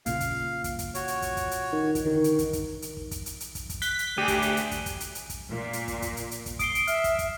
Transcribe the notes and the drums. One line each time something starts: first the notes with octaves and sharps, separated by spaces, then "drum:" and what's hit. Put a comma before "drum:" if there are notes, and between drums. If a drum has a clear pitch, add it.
A#2 C#3 F4 F5, drum: kick, hi-hat
drum: kick, hi-hat
drum: kick, hi-hat
drum: kick, hi-hat
F#4 C#5, drum: hi-hat
drum: hi-hat
drum: kick, hi-hat
drum: kick, hi-hat
drum: hi-hat
D#3
drum: kick, hi-hat
D3 D#3
drum: hi-hat
drum: kick, hi-hat
drum: kick, hi-hat
drum: hi-hat
drum: kick
drum: kick, hi-hat
drum: hi-hat
drum: hi-hat
drum: kick, hi-hat
drum: kick, hi-hat
F#6 B6 G7, drum: hi-hat
drum: hi-hat
D2 G4 G#4 D5 D#7
drum: kick, hi-hat
drum: hi-hat
drum: hi-hat
drum: kick, hi-hat
drum: kick, hi-hat
drum: hi-hat
drum: hi-hat
drum: kick, hi-hat
A#2
drum: hi-hat
drum: kick, hi-hat
drum: kick, hi-hat
drum: hi-hat
drum: hi-hat
drum: kick, hi-hat
D#6 C7 D7 G7, drum: kick, hi-hat
drum: hi-hat
E5 F6, drum: hi-hat
drum: kick, hi-hat
drum: kick, hi-hat